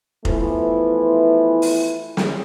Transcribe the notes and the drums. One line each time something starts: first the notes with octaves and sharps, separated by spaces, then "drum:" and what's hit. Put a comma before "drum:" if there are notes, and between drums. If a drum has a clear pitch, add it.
E3 F3 A3 B3 E4, drum: kick F1
drum: open hi-hat
drum: snare